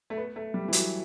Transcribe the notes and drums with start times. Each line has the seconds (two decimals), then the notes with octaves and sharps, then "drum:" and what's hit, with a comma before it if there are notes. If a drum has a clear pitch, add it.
0.10 A3
0.17 B3
0.36 A3
0.54 G3
0.68 E3
0.73 F#3, drum: hi-hat